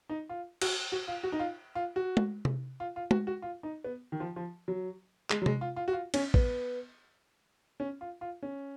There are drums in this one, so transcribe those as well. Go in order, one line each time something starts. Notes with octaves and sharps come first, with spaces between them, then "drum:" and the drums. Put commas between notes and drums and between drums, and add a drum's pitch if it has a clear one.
D#4
F4
F#4, drum: cymbal
F#4
F4
F#4
D#4
F4
F4
F#4
drum: tom
drum: tom C3
F4
F4
F#4, drum: tom
F#4
F4
D#4
B3
D#3
F3
F3
F#3
G#3, drum: clap
F#3
G#3, drum: tom C3
F4
F4
F#4
F4
C#4, drum: cymbal
B3, drum: kick
C#4
F4
F4
C#4